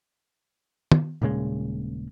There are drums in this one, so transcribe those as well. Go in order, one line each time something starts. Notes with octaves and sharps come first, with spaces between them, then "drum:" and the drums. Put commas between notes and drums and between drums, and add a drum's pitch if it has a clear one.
drum: tom
D#1 A#2 C#3 G#3